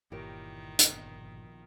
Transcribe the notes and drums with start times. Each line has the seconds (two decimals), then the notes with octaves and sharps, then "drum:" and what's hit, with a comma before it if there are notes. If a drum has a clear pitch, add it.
0.12 G1 A#2 D#3 E3 G4 A#4 C#5
0.79 drum: hi-hat
0.89 A#1 B2 F3